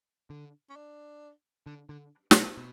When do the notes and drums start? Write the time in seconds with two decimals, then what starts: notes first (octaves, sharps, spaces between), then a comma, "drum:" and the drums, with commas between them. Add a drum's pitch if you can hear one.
0.30 D3
0.69 C#4
0.76 D4
1.66 D3
1.89 D3
2.31 A2, drum: snare
2.35 B2
2.57 B2